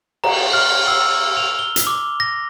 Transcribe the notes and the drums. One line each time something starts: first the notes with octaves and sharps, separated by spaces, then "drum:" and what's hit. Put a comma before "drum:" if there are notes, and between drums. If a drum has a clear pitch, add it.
A#5, drum: cymbal
F6
E6
F7
G7
drum: hi-hat
D6
A#6